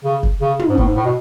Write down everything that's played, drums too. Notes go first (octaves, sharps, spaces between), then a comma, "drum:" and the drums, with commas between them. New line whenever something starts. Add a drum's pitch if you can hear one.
C#3
drum: kick F#1
C#3
drum: tom
G#2
A2, drum: kick F#1
G#2
A2
B2